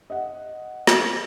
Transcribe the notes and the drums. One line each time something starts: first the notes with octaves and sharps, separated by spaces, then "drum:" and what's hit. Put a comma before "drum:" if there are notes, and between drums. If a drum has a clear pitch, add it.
D#5 F#5
drum: snare